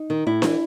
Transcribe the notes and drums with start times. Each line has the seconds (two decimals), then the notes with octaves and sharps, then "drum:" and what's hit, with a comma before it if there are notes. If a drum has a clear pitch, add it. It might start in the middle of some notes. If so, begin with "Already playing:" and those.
Already playing: D#4
0.10 D#3
0.27 A2 E4
0.42 E3, drum: snare D4